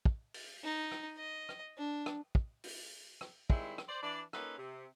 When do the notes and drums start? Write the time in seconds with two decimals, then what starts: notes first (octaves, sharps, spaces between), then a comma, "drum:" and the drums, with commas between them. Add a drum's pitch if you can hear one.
0.05 drum: kick
0.34 drum: open hi-hat
0.63 D#4
0.92 drum: rim click
1.17 D#5
1.49 drum: rim click
1.78 D4
2.06 drum: rim click
2.35 drum: kick
2.64 drum: open hi-hat
3.21 drum: rim click
3.50 D#3 G3 G#3 C4 E4, drum: kick
3.78 drum: rim click
3.89 C5 D5
4.03 E3 D4 D5
4.33 A#3 C#4 D#4 F4 A4 B4, drum: rim click
4.58 C3